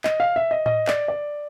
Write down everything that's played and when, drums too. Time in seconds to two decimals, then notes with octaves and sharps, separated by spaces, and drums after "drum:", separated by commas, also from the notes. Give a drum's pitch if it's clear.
0.04 D#5, drum: clap
0.20 F5
0.36 E5
0.51 D#5
0.66 D#5, drum: tom A2
0.88 D5, drum: clap
1.08 D5